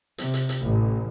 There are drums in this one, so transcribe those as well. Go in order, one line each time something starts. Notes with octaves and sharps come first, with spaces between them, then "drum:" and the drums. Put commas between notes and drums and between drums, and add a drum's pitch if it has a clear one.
C3, drum: hi-hat
drum: hi-hat
drum: hi-hat
A1